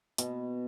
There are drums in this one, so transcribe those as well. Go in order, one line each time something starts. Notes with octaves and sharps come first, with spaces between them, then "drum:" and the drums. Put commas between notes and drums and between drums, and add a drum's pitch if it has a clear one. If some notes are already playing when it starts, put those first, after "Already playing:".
B2, drum: hi-hat